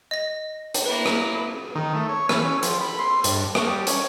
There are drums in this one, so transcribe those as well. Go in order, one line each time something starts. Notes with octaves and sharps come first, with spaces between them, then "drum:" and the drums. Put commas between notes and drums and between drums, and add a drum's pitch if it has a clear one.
D#5 A#6
drum: hi-hat
A#3 E4 B4
drum: rim click
D#3
A3
C#5
E3, drum: rim click
C#4
F3, drum: hi-hat
B5
C6
G2, drum: hi-hat
F#4, drum: rim click
G3
C#4, drum: hi-hat